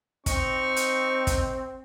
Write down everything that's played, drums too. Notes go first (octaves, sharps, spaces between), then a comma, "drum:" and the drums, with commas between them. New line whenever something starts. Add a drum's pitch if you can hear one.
C4 D#4 C#6, drum: kick, hi-hat
drum: hi-hat
drum: kick, hi-hat